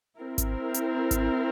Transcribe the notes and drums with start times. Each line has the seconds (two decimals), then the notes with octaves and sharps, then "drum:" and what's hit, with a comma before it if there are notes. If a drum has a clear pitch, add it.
0.20 C4 E4 A#4
0.38 drum: kick G#1, hi-hat
0.74 drum: hi-hat
1.11 drum: kick G#1, hi-hat